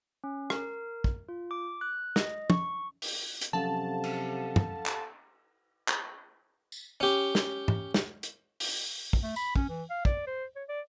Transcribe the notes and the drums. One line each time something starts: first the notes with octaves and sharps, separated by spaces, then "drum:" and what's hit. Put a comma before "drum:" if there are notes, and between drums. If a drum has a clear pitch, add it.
C#4
A#4, drum: rim click
drum: kick
F4
D6
F#6
D#5, drum: snare
C#6, drum: tom
drum: open hi-hat
drum: hi-hat
C3 F3 F#3 C#4 A4 F5 F#5 A5
drum: cymbal
drum: tom
drum: clap
drum: clap
drum: tambourine
C#4 G4
drum: snare
drum: tom G#2
drum: snare
drum: hi-hat
drum: open hi-hat
drum: kick
A3
B5, drum: tambourine
C#4, drum: kick
E3
F5
D5, drum: kick
C5
C#5
D5